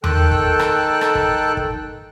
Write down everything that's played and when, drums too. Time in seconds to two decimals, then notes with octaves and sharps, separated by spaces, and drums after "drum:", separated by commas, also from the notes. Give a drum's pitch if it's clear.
0.04 D#3 A4 G5 A5 F#6, drum: tom E2
0.32 drum: kick
0.59 drum: rim click
1.01 drum: rim click
1.15 drum: kick
1.57 drum: kick